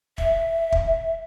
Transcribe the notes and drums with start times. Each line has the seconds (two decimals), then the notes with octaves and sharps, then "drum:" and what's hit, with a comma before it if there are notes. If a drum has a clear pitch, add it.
0.18 E5, drum: kick
0.72 drum: kick